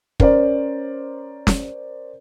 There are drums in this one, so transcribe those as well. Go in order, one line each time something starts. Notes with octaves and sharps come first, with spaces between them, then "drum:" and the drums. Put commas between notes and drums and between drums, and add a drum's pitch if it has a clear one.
C#4 A#4 C5 D5, drum: kick
drum: snare